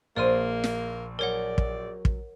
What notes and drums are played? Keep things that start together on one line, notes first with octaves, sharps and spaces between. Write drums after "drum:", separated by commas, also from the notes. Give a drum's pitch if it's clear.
A#1 A#3 C5 D5 C6 F6 D#7
drum: snare
F#3 G#4 A#4 C#5 D5 F#5
drum: kick
drum: kick